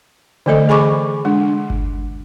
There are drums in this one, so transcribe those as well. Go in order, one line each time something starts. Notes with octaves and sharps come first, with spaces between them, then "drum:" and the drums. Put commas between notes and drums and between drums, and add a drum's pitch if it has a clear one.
D3 E3 A3 A4 D#5, drum: tom D4
G#4 G#5 B5 C#6 D6
G#3 D4
drum: kick G1